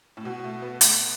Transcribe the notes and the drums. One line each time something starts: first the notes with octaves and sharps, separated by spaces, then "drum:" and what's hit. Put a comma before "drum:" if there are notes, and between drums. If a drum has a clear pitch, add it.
A2
B2 F#4
A3
B3
A3, drum: hi-hat